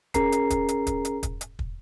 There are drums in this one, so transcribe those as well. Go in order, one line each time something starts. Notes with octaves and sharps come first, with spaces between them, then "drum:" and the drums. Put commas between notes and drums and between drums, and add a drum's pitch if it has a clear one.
C#4 G#4 A#4 A#5 C7, drum: kick, hi-hat
drum: hi-hat
drum: kick, hi-hat
drum: hi-hat
drum: kick, hi-hat
drum: hi-hat
drum: kick, hi-hat
drum: hi-hat
drum: kick